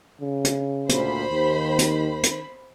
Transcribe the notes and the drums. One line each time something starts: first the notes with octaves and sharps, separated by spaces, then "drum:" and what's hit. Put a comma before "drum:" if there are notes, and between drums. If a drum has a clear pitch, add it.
C#3
drum: hi-hat
D2 A#2 C5 B5, drum: hi-hat
D#2 D#3
drum: hi-hat
drum: hi-hat